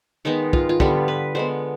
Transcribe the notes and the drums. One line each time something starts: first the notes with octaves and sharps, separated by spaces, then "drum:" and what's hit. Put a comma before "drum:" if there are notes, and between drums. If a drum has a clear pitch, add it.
D#3 G#3 B3 D#4
F4, drum: kick
F4
D3 G3 B3 G4, drum: kick
B4
D3 G#3 B3 C5